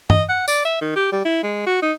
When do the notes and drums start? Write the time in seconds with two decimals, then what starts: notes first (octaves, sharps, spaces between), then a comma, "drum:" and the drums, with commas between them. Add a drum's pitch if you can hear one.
0.10 D#5, drum: tom G2
0.29 F#5
0.48 D5, drum: tambourine
0.65 E5
0.81 D#3
0.96 G4
1.12 G3
1.25 E4
1.43 G#3
1.67 F#4
1.82 D#4